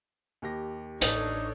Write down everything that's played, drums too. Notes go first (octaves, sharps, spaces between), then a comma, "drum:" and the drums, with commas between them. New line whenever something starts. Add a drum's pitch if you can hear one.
D#2 G4 A#6
A1 D4 D#4 A4 C#5, drum: hi-hat